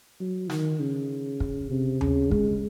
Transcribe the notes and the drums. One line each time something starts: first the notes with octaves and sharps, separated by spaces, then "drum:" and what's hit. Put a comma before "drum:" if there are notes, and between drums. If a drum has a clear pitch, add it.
F#3
D#3, drum: snare
C#3
drum: kick
C3
C#3, drum: tom D#2
G#3, drum: kick